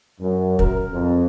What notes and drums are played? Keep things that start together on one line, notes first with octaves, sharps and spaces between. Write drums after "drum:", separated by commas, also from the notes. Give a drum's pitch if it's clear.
F#2
A#4, drum: kick
F2